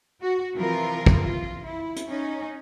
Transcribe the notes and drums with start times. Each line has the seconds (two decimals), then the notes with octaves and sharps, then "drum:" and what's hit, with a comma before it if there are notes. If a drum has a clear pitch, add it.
0.21 F#4
0.54 C3 E3 F3 F4 A#4
1.06 drum: kick
1.24 F4
1.64 E4
1.96 drum: hi-hat
2.07 C#4 D#4